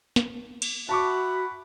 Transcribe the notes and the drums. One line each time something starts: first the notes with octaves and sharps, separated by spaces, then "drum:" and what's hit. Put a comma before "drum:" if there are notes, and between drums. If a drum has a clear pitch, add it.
drum: snare
drum: cymbal
F#4 E5 F#5 A5 B5 C#6 D6